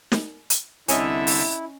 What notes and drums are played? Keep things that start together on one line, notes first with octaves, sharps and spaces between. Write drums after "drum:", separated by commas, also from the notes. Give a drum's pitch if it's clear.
drum: snare
drum: hi-hat
C2 D3 C#4 E4 C#5 D#5 E5, drum: hi-hat
drum: open hi-hat